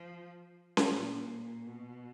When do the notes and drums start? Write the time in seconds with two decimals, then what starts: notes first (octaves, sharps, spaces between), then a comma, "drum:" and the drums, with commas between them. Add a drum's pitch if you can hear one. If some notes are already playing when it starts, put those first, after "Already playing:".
Already playing: F3
0.77 drum: snare C#4
0.94 A#2
1.66 B2